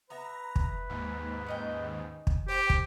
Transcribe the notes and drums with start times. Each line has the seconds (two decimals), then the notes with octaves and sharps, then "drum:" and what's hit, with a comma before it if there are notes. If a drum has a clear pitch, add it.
0.10 B3 B4 E5 A#5
0.56 drum: kick
0.89 D#2 G#2
1.46 C#4 D#4 G5
2.27 drum: kick
2.48 G4 C5 G5 D6
2.70 drum: kick